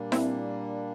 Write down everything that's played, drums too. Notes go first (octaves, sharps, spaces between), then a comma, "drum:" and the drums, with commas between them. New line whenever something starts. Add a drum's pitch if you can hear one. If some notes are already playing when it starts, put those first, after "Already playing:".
Already playing: A#2 G3 A#3 D4
C4 E4, drum: snare E4